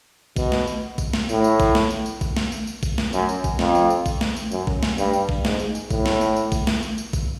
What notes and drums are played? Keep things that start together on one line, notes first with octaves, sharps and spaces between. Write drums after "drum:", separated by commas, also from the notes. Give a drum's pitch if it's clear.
B2, drum: kick A1, tambourine
drum: snare
drum: tambourine
drum: kick A1, tambourine
drum: snare
A2, drum: tambourine
drum: tambourine
drum: kick A1, tambourine
drum: snare
drum: tambourine
drum: tambourine
drum: kick A1, tambourine
drum: snare
drum: tambourine
drum: tambourine
drum: kick A1, tambourine
drum: snare
F#2, drum: tambourine
drum: tambourine
drum: kick A1, tambourine
F2, drum: snare
drum: tambourine
drum: tambourine
drum: kick A1, tambourine
drum: snare
drum: tambourine
F#2, drum: tambourine
drum: kick A1
drum: snare
G2, drum: tambourine
drum: tambourine
drum: kick A1
G#2, drum: snare
drum: tambourine
drum: tambourine
A2, drum: kick A1, tambourine
drum: snare
drum: tambourine
drum: tambourine
drum: kick A1, tambourine
drum: snare
drum: tambourine
drum: tambourine
drum: kick A1, tambourine